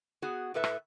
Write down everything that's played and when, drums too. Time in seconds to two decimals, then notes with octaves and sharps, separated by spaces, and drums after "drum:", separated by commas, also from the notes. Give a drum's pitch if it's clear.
0.22 B3 F#4 G#4
0.54 A2 A4 B4 E5
0.64 drum: rim click